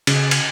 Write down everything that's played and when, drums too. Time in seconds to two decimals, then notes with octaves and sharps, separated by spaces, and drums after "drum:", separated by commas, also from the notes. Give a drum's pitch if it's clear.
0.07 C#3, drum: cymbal
0.31 drum: cymbal